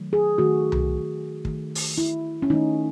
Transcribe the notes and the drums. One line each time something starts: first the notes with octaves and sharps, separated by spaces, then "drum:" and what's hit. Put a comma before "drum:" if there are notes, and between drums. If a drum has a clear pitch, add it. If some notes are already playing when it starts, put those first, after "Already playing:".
Already playing: D#3 F#3 A3
G#4
D#3 A3 F#4
drum: tom C2
D#3 A3, drum: kick
drum: open hi-hat
E4
C#4
D#3 A3 D#4